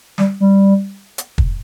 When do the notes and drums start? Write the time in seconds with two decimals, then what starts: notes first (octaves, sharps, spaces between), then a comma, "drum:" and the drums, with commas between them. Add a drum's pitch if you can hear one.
0.18 G3, drum: snare
0.40 G3
1.18 drum: hi-hat
1.38 drum: kick